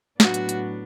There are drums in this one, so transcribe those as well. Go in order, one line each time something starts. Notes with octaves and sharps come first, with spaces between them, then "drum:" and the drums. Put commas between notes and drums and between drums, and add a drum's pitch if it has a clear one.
A2 F#3 B3 D4 F#4, drum: snare
drum: hi-hat
drum: hi-hat